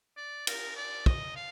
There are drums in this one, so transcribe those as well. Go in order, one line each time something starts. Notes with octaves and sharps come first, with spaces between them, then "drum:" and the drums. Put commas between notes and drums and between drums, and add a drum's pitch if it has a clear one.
D5
A#4, drum: cymbal
D5
D#5, drum: kick
F5